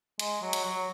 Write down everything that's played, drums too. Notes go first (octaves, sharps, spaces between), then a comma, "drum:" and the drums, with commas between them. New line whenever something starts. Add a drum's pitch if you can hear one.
G#3, drum: hi-hat
F#3
drum: hi-hat
F#3